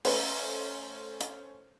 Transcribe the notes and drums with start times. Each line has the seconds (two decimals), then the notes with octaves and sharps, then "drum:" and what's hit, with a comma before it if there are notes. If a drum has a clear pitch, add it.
0.05 A3 C#4 B4 C5, drum: open hi-hat
1.21 drum: hi-hat